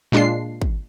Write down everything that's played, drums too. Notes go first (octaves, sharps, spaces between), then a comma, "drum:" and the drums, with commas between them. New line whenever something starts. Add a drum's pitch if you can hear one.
A#2 G#3 D4 F4 C7
drum: kick